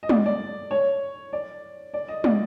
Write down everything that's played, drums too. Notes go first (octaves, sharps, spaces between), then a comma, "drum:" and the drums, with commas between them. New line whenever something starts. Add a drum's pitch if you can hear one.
D#5
D5, drum: tom
D5
C#5
D5
D5
D#5
D5, drum: tom